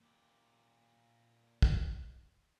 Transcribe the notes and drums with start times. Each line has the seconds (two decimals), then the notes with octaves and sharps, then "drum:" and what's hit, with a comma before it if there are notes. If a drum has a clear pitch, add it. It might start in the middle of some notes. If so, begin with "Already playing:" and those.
0.01 A#2 G4
1.62 drum: kick